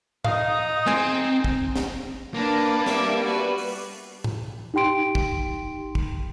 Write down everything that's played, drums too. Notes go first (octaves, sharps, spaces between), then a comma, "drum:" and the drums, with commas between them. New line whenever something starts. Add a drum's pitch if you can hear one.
D#4 F5 D#6, drum: tom G#2
G#3 C4 G#4, drum: tom G#3
drum: kick
drum: snare
A#3 D4 B4 A5
G3 E5 D6, drum: snare
B3 F#4 B4
drum: open hi-hat
drum: tom G#2
D#4 G4 G5 C6 D7
drum: kick
drum: kick